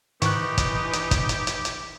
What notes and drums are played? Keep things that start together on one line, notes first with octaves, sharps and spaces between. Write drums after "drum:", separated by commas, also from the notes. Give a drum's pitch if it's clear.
G#2 D#3 E3 D#4 G4 C#6 F#6, drum: hi-hat
drum: kick, hi-hat
drum: hi-hat
drum: kick, hi-hat
drum: hi-hat
drum: hi-hat
drum: hi-hat